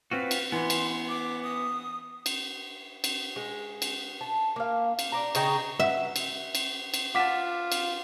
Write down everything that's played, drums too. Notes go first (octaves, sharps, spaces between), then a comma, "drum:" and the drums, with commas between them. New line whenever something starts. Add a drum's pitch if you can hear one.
C4 F4 F#4 B4
drum: cymbal
E3 B3 C6
drum: cymbal
D6
D#6
drum: cymbal
drum: cymbal
G#3
drum: cymbal
A5
A#3 F5
drum: cymbal
D5 A#5
C#3 D#5 G5 A#5, drum: cymbal
E5 F#5
drum: cymbal
drum: cymbal
drum: cymbal
F4 F#5 A5 D6 B6 E7
drum: cymbal